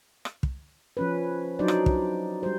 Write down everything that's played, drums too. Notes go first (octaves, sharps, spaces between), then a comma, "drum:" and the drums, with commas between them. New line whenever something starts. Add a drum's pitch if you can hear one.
drum: rim click
drum: kick
F3 C#4 B4
F#3 D4 D#4 C5 D5
drum: rim click
drum: kick
G3 C5